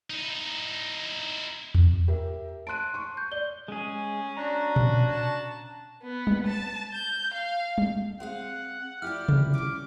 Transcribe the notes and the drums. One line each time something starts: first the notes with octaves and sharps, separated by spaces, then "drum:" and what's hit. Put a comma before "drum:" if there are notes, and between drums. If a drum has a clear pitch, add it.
D#4 E4
drum: tom E2
G4 A#4 E5
A5 C6 F#6 D7 D#7
C6 C#6
G6
D5 G7
G#3 C#4 G#4
D4 F#4 A#5
drum: tom A#2
A5
B3
drum: tom G3
A5
G6
F5
drum: tom G3
C4 G#4 F5 F#5
E4 F4 G4 D5 F6
drum: tom C3
G3 C#4 D6